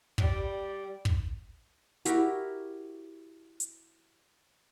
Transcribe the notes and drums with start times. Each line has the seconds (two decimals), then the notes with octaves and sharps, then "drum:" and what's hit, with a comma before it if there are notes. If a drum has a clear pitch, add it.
0.18 G3, drum: kick
1.05 drum: kick
2.05 E4 F#4 G4 A#4, drum: hi-hat
3.60 drum: hi-hat